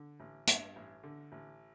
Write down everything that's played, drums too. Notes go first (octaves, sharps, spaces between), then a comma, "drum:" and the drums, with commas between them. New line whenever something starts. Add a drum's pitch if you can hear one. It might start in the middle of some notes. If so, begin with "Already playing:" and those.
Already playing: D3
A1
G2, drum: hi-hat
A1
D3
A1